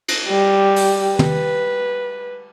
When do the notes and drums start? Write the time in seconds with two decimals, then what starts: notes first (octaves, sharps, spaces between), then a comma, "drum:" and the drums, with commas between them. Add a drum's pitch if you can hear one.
0.08 drum: cymbal
0.28 G3
0.76 drum: open hi-hat
1.19 B4, drum: tom